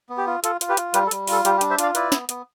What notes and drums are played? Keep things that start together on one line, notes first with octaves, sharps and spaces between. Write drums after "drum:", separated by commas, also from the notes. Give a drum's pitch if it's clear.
B3
G4
F4
F4 A4, drum: hi-hat
F4, drum: hi-hat
G4 B4
F4, drum: hi-hat
G3 G4 B4, drum: hi-hat
A4
G3, drum: hi-hat
F4 A4, drum: open hi-hat
G3 G4, drum: hi-hat
G4
D4, drum: hi-hat
C5 E5
F4 D5 F5, drum: hi-hat
E4 B4 D5, drum: hi-hat
B3, drum: snare
B3, drum: hi-hat